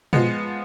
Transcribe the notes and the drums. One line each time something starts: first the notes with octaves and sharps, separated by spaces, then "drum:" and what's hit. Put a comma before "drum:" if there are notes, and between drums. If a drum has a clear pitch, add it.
F3 G#3 B3, drum: tom